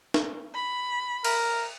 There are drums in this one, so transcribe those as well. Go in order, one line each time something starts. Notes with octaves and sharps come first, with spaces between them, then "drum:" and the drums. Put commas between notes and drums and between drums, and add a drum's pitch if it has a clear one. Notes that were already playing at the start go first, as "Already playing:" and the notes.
drum: snare
B5
A#4, drum: cymbal